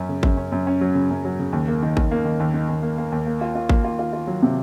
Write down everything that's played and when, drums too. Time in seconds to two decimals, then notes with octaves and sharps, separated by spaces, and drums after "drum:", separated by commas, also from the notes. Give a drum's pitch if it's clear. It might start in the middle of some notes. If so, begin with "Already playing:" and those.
Already playing: F#2 C#4
0.09 C#3
0.23 F#2, drum: kick G#1
0.37 C#4
0.52 F#2
0.67 C#4
0.81 F#3
0.95 C#3
1.10 F#2
1.25 F#3
1.39 C#3
1.53 D#2
1.68 A#3
1.83 D#3
1.97 D#2, drum: kick G#1
2.11 A#3
2.25 D#3
2.40 D#2
2.54 D#3
2.69 D#2
2.83 A#3
2.98 A#3
3.12 D#2
3.26 A#3
3.41 F4
3.55 F4
3.69 A#3, drum: kick G#1
3.84 F4
3.99 F4
4.13 F4
4.27 F#3
4.43 C3